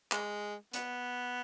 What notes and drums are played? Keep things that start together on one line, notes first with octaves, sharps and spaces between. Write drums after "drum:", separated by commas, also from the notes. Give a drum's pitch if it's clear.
G#3, drum: clap
B3, drum: hi-hat